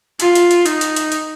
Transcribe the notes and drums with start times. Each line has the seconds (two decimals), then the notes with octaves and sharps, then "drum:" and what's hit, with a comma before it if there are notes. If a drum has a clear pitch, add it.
0.20 F4, drum: hi-hat
0.35 drum: hi-hat
0.51 drum: hi-hat
0.66 D#4, drum: hi-hat
0.81 drum: hi-hat
0.96 drum: hi-hat
1.12 drum: hi-hat